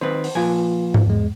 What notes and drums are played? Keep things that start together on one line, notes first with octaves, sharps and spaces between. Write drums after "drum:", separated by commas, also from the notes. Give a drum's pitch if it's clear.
D#3 C4 B4 C5
drum: open hi-hat
A#2 F3 F4 B4 G#5
drum: tom G#2
E2 G#3